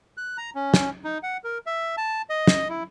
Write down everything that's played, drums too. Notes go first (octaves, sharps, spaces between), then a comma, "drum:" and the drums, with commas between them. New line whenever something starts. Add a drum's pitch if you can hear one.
F#6
A#5
C#4
drum: snare
D#4
F#5
A#4
E5
A5
D#5
drum: snare
E4